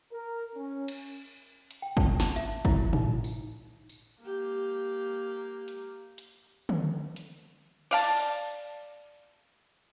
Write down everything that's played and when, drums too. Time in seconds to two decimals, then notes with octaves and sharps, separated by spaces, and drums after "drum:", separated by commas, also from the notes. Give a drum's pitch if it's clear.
0.12 A#4
0.55 C#4
0.88 drum: cymbal
1.71 drum: hi-hat
1.82 G5
1.97 A5, drum: kick
2.20 A5, drum: snare
2.36 E5, drum: hi-hat
2.65 E4, drum: kick
2.93 D#4, drum: tom A2
3.24 drum: tambourine
3.89 drum: tambourine
4.22 A#3 G4
5.68 drum: hi-hat
6.18 drum: hi-hat
6.69 drum: tom D3
7.16 drum: hi-hat
7.91 D5 F5 A5, drum: cymbal